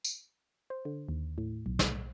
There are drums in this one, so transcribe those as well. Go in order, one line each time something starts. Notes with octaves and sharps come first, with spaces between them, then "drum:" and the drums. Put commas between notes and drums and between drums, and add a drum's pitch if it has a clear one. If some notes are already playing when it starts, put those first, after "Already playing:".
drum: tambourine
C5
D3
D#2
A2
B1
drum: snare